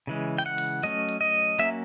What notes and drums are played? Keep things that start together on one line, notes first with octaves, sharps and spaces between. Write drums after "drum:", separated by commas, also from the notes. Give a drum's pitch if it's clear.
C#3 E3 G#3
G5
F#5
drum: open hi-hat
F#3 A3 C#4 D#5, drum: hi-hat
drum: hi-hat
D#5
F#3 A#3 C#4 E5, drum: hi-hat